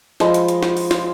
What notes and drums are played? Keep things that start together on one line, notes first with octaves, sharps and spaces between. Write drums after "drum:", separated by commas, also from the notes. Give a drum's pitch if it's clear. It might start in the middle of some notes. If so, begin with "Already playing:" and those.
F3 G#3 D#5 B5, drum: snare
drum: hi-hat
drum: hi-hat
drum: snare
drum: open hi-hat
drum: snare